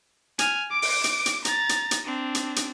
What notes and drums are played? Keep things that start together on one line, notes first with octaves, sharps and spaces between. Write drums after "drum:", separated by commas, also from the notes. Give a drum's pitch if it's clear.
G#5 F6, drum: hi-hat
D6 D7
drum: open hi-hat
drum: hi-hat
drum: hi-hat
A#5 A6, drum: hi-hat
drum: hi-hat
drum: hi-hat
C4 D4
drum: hi-hat
drum: hi-hat